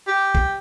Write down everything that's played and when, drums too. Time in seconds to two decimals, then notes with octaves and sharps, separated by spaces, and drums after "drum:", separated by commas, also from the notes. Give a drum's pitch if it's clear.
0.07 G4
0.35 drum: kick